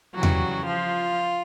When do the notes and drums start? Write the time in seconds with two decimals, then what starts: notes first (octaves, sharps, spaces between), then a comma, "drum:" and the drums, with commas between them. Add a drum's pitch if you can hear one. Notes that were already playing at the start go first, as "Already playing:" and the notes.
0.14 C#3 E3 F#3 G3 F#4
0.23 drum: tom E2
0.66 F3 F4